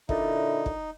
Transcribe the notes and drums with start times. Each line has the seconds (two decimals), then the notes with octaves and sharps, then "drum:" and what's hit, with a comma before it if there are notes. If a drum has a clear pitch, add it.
0.09 A#2 D3 D#4 E4, drum: kick
0.66 drum: kick